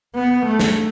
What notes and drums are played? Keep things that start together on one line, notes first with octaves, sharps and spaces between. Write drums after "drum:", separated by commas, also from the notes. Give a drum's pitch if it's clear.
B3
A3
drum: snare